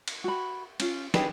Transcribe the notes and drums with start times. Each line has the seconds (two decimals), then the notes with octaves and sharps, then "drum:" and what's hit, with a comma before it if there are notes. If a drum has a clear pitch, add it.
0.08 drum: cymbal
0.24 F#4 B5
0.80 C#4 F4, drum: cymbal
1.14 D#4 G4 G#4 B4, drum: snare